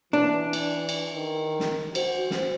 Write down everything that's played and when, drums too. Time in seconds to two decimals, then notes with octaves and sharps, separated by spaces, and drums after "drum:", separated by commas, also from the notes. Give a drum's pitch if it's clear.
0.13 E3 D4
0.53 drum: cymbal
0.89 drum: cymbal
1.16 D#3
1.60 drum: snare
1.95 F#4 C5, drum: cymbal
2.31 drum: snare